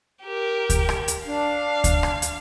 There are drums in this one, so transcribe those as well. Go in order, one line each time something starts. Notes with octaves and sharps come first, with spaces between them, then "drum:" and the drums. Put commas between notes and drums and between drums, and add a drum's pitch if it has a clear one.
G4 A#4
drum: kick D2, hi-hat
drum: rim click
drum: hi-hat
D4 F5
drum: kick D2, hi-hat
drum: rim click
drum: hi-hat